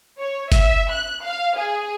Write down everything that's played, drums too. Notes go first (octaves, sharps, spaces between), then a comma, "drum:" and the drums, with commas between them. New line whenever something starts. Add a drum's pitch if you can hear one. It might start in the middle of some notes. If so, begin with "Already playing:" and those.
C#5
E5, drum: kick F#1, hi-hat
F#6
F5
G#4